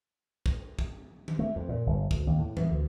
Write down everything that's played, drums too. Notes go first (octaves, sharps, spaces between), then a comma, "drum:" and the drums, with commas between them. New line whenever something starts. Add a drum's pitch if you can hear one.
drum: kick
drum: kick
drum: tom D#3
A3
F2
A#2
G1
D2, drum: kick
D#2
A2
E3, drum: tom E2
D2